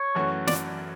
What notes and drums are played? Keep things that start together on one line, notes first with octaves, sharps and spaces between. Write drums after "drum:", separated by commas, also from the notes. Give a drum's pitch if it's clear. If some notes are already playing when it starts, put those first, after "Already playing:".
Already playing: C#5
F#2 E3 A3 C#4 F#4
D5, drum: snare